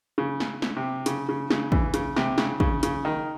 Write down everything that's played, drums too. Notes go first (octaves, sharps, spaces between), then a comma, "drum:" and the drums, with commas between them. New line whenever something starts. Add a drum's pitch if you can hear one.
C#3
drum: snare
drum: snare
C3
C#3, drum: hi-hat
C#3
C#3, drum: snare
E3, drum: kick
C#3, drum: hi-hat
C3, drum: snare
C#3, drum: snare
C#3, drum: kick
C#3, drum: hi-hat
D#3